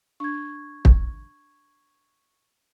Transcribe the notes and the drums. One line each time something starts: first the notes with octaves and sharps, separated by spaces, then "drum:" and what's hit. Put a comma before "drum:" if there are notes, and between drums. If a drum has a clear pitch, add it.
D4 C#6 G#6
drum: kick